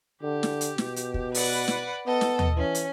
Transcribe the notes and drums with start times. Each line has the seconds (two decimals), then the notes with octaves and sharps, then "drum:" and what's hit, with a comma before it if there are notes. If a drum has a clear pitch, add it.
0.22 D3 G4
0.43 drum: snare
0.61 drum: hi-hat
0.78 B2, drum: snare
0.96 drum: hi-hat
1.14 drum: kick
1.34 B4 D5 F#5, drum: open hi-hat
1.68 drum: snare
2.06 B3 A4 D#5
2.21 drum: snare
2.39 drum: tom D#2
2.57 E3 C#4
2.75 drum: hi-hat